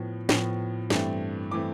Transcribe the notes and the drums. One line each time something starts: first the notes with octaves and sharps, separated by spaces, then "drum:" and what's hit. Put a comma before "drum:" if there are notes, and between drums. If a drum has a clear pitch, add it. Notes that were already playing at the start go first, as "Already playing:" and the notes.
Already playing: A2 F3 B3
A2 F3 B3, drum: snare
G2 E3 A3 C4, drum: snare
E3 A3 C4 D6